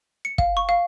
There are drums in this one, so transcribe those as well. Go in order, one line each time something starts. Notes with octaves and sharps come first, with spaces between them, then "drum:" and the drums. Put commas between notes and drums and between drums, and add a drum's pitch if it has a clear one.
C#7
F5, drum: kick
C#6
F5